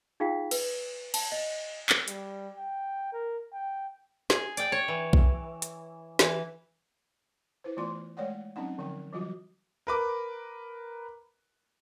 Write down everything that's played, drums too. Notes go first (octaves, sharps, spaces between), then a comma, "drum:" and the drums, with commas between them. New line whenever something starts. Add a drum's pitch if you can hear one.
D#4 F4 G#4 F5 G5 B6
B4, drum: cymbal
A5, drum: cymbal
D#5
drum: clap
G3, drum: hi-hat
G5
A#4
G5
G#4, drum: snare
D5 G5, drum: hi-hat
C#5
E3
drum: kick B1
drum: hi-hat
E3, drum: snare
E4 B4 C5
E3 A3 B3 F4 D5 C6
G#3 A3 C#5 D5 F#5 G5
F#3 C4 C#4 D#4 F#5
D3 F3 F#3 G5
E3 F#3 G3 F4 F#4
A#4 B4 D6